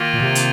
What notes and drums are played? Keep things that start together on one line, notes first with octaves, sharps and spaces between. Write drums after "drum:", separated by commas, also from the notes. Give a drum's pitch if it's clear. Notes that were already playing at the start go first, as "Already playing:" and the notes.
Already playing: D#3 A#3 F4
A#2
C3
drum: hi-hat